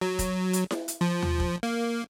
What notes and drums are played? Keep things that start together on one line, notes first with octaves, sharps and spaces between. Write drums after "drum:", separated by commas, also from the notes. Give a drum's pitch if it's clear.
F#3
drum: kick, hi-hat
drum: hi-hat
drum: snare E4
drum: hi-hat
F3
drum: tom D#2
drum: kick
A#3